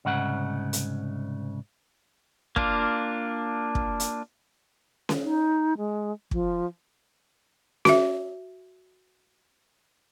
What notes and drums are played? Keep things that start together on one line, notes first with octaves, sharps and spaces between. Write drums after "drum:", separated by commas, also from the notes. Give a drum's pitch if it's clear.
C2 G#2 C#3 F#5
drum: hi-hat
A#3 D4 F4, drum: kick
drum: kick
drum: hi-hat
drum: snare C#4
D#4
G#3
F3, drum: kick
F#4 E5, drum: snare C#4